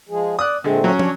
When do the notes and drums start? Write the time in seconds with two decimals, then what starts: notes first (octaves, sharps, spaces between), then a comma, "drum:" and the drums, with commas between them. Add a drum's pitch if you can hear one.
0.09 F3 G#3 G#4
0.39 D5 D#6 F#6
0.64 A#2 D3 G#3 A3 C4
0.84 F#3 C#4
0.99 D4 C#5, drum: tom